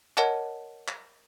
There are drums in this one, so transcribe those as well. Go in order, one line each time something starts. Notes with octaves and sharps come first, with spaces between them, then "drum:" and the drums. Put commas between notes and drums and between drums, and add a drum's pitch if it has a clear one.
A#4 C#5 D#5 F#5 A5, drum: clap
drum: clap